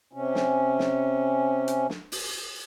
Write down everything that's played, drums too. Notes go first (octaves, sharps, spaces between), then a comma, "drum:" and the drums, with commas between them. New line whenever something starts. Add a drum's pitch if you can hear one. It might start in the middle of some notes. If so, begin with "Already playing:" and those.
C3 C#4
drum: snare
drum: snare
drum: hi-hat
drum: snare
drum: open hi-hat